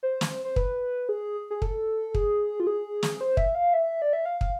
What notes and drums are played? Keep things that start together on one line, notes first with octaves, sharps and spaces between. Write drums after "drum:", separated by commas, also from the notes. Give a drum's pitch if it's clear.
C5
drum: snare
C5
B4, drum: kick
G#4
G#4
A4, drum: kick
G#4, drum: kick
F4
G#4
drum: snare
C5
E5, drum: kick
F5
E5
D5
E5
F5
F5, drum: kick